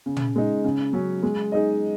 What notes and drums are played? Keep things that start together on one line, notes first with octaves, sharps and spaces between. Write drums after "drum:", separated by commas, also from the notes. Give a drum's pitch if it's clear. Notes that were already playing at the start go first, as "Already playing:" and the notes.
C#3
drum: tom
G#3 D#4
C#3
F#3 C#4
G#3
D#4 G#4 D#5